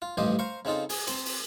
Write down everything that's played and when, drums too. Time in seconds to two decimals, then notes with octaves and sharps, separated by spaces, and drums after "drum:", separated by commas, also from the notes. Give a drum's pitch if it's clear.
0.02 F4
0.17 A1 G2 F3 G4 C5 D#5
0.39 C5 F5 A#5 C#6
0.65 C#3 C4 D#4 F4 A4
0.89 G#4, drum: open hi-hat
1.07 C4 A5, drum: hi-hat
1.25 drum: open hi-hat